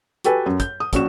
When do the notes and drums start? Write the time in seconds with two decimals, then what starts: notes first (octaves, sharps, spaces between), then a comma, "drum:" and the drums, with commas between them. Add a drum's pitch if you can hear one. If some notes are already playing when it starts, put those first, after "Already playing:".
0.24 F#4 G4 A4 B4 G5 G#5, drum: hi-hat
0.46 F#2
0.60 G6, drum: kick, hi-hat
0.80 D#6
0.93 A#1 C#4 F#4 E7, drum: kick, hi-hat